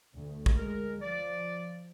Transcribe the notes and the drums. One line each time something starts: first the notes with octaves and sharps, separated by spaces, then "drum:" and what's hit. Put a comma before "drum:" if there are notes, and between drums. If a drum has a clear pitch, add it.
D2
drum: kick
G#3 A#4
F3 D5